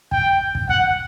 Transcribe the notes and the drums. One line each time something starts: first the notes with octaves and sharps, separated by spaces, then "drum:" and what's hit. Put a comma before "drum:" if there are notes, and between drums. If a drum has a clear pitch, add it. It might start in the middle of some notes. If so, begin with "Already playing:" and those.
G5, drum: kick
drum: kick
F#5, drum: kick